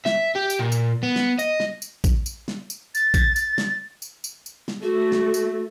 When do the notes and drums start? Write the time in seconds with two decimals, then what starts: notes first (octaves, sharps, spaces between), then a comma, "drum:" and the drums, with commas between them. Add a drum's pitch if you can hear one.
0.06 E5, drum: snare
0.36 G4
0.50 drum: tambourine
0.60 A#2
0.72 drum: tambourine
1.03 B3
1.16 drum: snare
1.39 D#5, drum: tambourine
1.60 drum: snare
1.82 drum: tambourine
2.04 drum: kick A#1, tambourine
2.26 drum: tambourine
2.48 drum: snare
2.70 drum: tambourine
2.95 A6, drum: tambourine
3.14 drum: kick A#1, tambourine
3.36 drum: tambourine
3.58 drum: snare
4.02 drum: tambourine
4.24 drum: tambourine
4.46 drum: tambourine
4.68 drum: snare
4.82 A3 F#4
5.12 drum: snare
5.34 drum: tambourine